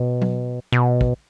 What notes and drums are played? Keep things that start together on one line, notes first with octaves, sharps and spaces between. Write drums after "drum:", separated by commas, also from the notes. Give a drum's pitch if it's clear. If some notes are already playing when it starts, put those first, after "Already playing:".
Already playing: B2
drum: tom F#3
B2
drum: kick